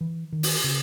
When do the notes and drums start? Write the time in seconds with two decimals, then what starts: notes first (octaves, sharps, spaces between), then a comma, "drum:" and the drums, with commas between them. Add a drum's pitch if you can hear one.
0.01 E3
0.32 D#3
0.43 drum: open hi-hat
0.64 C#3